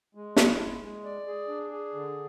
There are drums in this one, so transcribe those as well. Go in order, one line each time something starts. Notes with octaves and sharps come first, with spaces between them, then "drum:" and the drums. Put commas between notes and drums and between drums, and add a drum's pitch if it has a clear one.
G#3
E4, drum: snare
G#3
G#3
D5
G#4
D4
G#4
D3